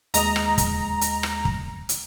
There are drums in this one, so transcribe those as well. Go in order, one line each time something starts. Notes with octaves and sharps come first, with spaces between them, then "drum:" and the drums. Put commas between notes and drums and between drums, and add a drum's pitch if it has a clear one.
D#2 G#3 D#5 A#5 D#6, drum: hi-hat
drum: rim click
drum: kick, hi-hat
drum: hi-hat
drum: rim click
drum: kick
drum: hi-hat